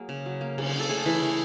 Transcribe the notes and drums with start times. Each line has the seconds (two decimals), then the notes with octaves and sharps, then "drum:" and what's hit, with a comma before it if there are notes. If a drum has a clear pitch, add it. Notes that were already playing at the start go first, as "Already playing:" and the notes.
Already playing: F#3 A#3 G#4
0.09 C#3
0.26 F#3
0.41 A#3
0.58 C#3, drum: cymbal
0.74 C#3
0.80 A4
0.89 A3 G#4
1.06 E3
1.23 E3